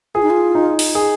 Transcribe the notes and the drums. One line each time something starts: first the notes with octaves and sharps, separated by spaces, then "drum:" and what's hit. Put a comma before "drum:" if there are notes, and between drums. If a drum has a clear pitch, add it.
F4 G#4
D#4
F4
D#4
drum: open hi-hat
G#4